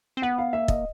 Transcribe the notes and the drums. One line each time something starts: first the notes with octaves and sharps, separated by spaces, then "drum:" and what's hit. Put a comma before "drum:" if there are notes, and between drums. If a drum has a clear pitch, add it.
C4
B3 F#5
F5
A#3 E5
D#5, drum: kick